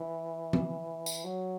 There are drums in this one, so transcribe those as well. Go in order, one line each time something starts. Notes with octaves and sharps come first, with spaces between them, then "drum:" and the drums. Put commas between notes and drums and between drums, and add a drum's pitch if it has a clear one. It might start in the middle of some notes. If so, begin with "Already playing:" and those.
Already playing: E3
drum: tom E3
drum: tambourine
F#3